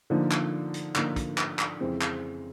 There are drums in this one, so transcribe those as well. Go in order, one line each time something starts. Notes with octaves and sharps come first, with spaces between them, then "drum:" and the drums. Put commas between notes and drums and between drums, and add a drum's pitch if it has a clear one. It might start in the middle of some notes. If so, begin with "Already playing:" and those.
D3 F3 A#3 D#4
drum: clap
drum: hi-hat
D3 F3 A#3 D#4, drum: clap
drum: kick, hi-hat
drum: clap
drum: clap
F2 C#3 E3 G#3 C4
drum: clap